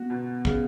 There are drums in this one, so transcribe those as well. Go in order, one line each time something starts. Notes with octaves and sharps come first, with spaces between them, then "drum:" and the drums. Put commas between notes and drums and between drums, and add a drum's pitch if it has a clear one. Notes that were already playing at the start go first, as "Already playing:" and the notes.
Already playing: B3 F#4
B2
C#3, drum: kick